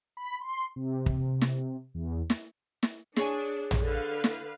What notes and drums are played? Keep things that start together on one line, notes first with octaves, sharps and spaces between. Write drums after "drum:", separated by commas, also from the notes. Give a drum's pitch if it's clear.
B5
C6
C3
drum: kick
drum: snare
E2
drum: snare
drum: snare
D4 G#4 C#5 G#5, drum: snare
drum: tom
D3 B4 F5
drum: snare